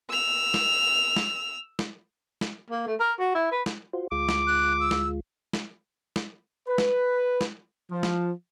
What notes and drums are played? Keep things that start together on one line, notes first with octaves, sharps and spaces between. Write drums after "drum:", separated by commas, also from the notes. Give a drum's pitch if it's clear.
E6 F7
drum: snare
drum: snare
drum: snare
drum: snare
A#3
A3
A#4
F#4
E4
B4
drum: snare
F4 F#4 C5
D2 G#3 F4 D6
drum: snare
F#6
E6
drum: snare
drum: snare
drum: snare
B4
drum: snare
drum: snare
F3
drum: snare